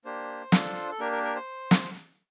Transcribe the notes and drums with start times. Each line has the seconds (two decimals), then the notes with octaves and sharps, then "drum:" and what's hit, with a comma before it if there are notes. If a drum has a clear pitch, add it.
0.05 A#3 D4 G4 C5
0.52 D4 F4 A4, drum: snare
0.91 A4
1.00 A#3 D4 G4 A#4
1.12 A#4
1.23 A#4
1.36 C5
1.71 drum: snare